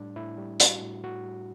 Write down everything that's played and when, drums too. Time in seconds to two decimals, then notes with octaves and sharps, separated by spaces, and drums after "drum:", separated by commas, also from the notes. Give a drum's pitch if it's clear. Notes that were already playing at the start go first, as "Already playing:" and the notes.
Already playing: A2 G3 D4
0.16 A2 E4
0.38 G3
0.60 G3 F#4, drum: hi-hat
0.82 A2
1.03 A2 F#4
1.25 G3